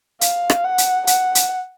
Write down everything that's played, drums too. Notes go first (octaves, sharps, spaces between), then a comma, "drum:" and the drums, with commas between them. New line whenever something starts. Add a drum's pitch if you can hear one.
F5, drum: hi-hat
drum: rim click
F#5
drum: hi-hat
F#5, drum: hi-hat
drum: hi-hat